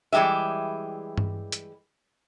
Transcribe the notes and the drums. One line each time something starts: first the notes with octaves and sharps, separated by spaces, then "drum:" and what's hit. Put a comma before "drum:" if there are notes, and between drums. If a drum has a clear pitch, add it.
E3 G3 G#3 G4 E5
drum: tom G2
drum: hi-hat